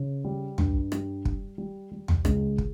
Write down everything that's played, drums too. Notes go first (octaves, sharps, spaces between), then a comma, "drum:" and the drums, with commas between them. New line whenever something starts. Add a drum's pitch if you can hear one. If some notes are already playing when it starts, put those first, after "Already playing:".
Already playing: C#3
G3
G2, drum: tom
G3, drum: rim click
G3, drum: kick
G3
G3
drum: tom
C#2, drum: rim click
drum: kick